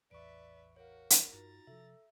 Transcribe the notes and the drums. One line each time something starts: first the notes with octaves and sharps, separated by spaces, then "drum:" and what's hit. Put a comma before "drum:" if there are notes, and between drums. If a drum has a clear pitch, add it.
A1 E2 B4 D5 E5 C#6 D7
F#4 A#4 C#5 F5
drum: hi-hat
G2 D#4 F4 F#4 A#5 A6
C3 F3 A4 E5